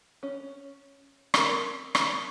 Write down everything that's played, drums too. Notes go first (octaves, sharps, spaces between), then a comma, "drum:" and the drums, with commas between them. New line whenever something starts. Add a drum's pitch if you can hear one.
C#4
C4 A#4, drum: rim click
drum: rim click